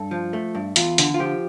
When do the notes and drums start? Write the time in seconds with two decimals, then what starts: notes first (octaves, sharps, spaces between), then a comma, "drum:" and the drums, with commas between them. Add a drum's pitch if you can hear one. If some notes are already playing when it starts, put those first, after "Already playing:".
Already playing: G2 A4
0.11 F3
0.33 A3
0.55 G2
0.76 E2 F4, drum: hi-hat
0.98 D3, drum: hi-hat
1.14 F4
1.19 F3 G4